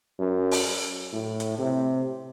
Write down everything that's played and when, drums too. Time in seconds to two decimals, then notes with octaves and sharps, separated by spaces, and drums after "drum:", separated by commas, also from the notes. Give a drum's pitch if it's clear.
0.19 F#2
0.51 drum: open hi-hat
1.13 A2
1.40 drum: hi-hat
1.59 C3